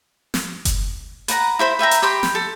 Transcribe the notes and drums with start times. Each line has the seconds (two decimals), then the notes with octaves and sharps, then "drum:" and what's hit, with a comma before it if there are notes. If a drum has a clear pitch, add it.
0.34 drum: snare
0.65 drum: kick F#1, hi-hat
1.28 B4 F#5 A#5, drum: hi-hat
1.59 E4 C5 B5
1.79 B4 E5 G5 A#5
1.91 drum: hi-hat
2.02 G4 G5 B5 C6
2.23 drum: snare
2.35 A4